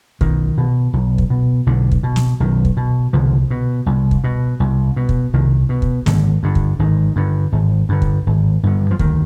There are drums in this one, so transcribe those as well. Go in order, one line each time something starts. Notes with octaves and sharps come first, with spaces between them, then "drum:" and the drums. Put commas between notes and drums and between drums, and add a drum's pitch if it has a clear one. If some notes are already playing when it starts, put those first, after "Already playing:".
B1 D#3, drum: kick
B2
B1
drum: kick
B2
B1 D3
drum: kick
B2
drum: snare
B1 D#3
drum: kick
B2
C2 D3 F3
B2
C2
drum: kick
B2
C2
B2
drum: kick
C2 D#3
B2
drum: kick
G#1 D3, drum: snare
G2 D3
drum: kick
G#1 D#3
G2 D3
G#1
G2 D3
drum: kick
G#1
G2 D3
F3
D2 D#3, drum: kick